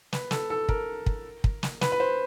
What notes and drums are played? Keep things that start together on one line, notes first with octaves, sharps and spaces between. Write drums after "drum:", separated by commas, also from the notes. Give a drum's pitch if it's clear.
B4, drum: snare
A4, drum: snare
A4
A#4, drum: kick
drum: kick
drum: kick
drum: snare
B4, drum: snare
B4
C5